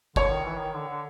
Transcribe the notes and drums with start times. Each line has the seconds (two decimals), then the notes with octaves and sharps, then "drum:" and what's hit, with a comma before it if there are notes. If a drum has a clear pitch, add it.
0.16 D3 C#5, drum: kick
0.30 D#3
0.45 E3
0.60 D#3
0.74 D3
0.88 D3